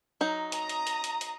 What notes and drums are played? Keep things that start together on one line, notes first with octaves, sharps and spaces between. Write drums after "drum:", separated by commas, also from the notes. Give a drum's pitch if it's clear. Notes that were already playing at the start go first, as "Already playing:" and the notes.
F#3 D#4
A#5 D#6, drum: hi-hat
drum: hi-hat
drum: hi-hat
drum: hi-hat
drum: hi-hat